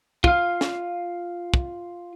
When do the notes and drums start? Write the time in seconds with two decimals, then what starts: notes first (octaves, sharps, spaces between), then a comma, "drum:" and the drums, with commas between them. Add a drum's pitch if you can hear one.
0.24 F4 F5, drum: kick
0.61 drum: snare
1.54 drum: kick